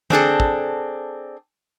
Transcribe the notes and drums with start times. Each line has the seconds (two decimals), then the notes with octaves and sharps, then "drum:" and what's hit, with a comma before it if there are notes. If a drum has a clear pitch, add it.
0.10 C4 D4 G#4 A4, drum: tom D3
0.40 drum: kick